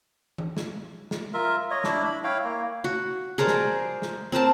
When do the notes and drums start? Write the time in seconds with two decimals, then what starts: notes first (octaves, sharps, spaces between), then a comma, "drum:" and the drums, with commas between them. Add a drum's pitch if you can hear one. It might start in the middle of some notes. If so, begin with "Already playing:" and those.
0.38 drum: tom E3
0.57 drum: snare
1.11 drum: snare
1.33 F4 A#4 E5
1.71 C#5 D#5
1.84 D4 E4, drum: snare
2.04 B5
2.24 E4 C#5 F5 G5
2.44 A#3
2.84 F#4
3.38 G#4 A#4 C5 D5
3.47 drum: snare
4.02 drum: snare
4.32 C4 A#4 C5 A5